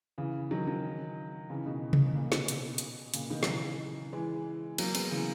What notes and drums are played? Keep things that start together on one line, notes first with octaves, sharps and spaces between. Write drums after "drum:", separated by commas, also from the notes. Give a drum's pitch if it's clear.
C#3 E3
D#3 F#3
D#3 F#3
C#3 E3
B2 D#3
drum: tom C3
A#2 C#3
B2, drum: snare
B2, drum: hi-hat
drum: hi-hat
A#2 C#3, drum: hi-hat
B2 D#3
F#3, drum: snare
C#3 E3
E3 G#3
F#3 A#3, drum: cymbal
G#3 B3, drum: cymbal
C#3 E3